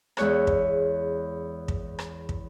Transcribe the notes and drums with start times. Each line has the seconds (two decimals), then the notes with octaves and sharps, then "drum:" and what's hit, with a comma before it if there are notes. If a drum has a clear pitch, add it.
0.17 E2 G#3 C#5 F#6, drum: rim click
0.47 drum: kick
1.68 drum: kick
1.99 drum: rim click
2.29 drum: kick